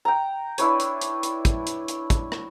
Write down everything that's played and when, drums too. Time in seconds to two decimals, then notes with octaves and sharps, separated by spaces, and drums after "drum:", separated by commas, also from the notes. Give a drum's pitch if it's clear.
0.05 G5 A#5
0.58 D4 E4 B4 C#5, drum: hi-hat
0.80 drum: hi-hat
1.02 drum: hi-hat
1.23 drum: hi-hat
1.45 drum: kick, hi-hat
1.67 drum: hi-hat
1.88 drum: hi-hat
2.10 drum: kick, hi-hat
2.32 drum: rim click